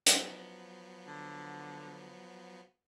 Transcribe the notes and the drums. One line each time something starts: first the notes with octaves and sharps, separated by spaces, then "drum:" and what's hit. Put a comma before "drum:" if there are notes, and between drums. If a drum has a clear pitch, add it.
F3 F#3 B3, drum: hi-hat
D3